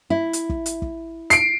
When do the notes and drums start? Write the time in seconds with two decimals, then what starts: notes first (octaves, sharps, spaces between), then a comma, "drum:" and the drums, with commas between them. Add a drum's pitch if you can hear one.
0.10 E4
0.33 drum: hi-hat
0.49 drum: kick
0.66 drum: hi-hat
0.82 drum: kick
1.30 C7 D7, drum: hi-hat